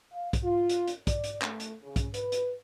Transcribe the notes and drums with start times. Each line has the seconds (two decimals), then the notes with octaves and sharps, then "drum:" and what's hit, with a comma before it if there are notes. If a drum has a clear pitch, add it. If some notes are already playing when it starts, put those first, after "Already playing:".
0.12 F5
0.33 drum: kick, hi-hat
0.43 F4
0.69 drum: hi-hat
0.88 drum: hi-hat
1.07 D5, drum: kick, hi-hat
1.24 drum: hi-hat
1.42 A3, drum: clap
1.60 drum: hi-hat
1.83 C#3
1.96 drum: kick, hi-hat
2.14 B4, drum: hi-hat
2.32 drum: hi-hat